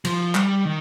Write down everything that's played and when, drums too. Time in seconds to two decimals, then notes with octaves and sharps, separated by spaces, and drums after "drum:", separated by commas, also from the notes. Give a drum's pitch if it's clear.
0.05 F3, drum: cymbal
0.35 G3, drum: clap
0.65 D#3